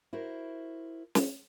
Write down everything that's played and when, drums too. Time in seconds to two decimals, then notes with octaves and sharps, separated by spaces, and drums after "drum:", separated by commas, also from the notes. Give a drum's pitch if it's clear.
0.13 E4 F#4 A#4 C5
1.15 drum: snare